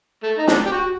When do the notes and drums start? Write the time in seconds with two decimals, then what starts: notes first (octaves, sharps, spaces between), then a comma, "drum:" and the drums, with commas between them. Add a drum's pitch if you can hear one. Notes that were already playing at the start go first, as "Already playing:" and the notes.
0.23 A3
0.38 D#4
0.48 D4, drum: snare
0.66 G4
0.72 F#4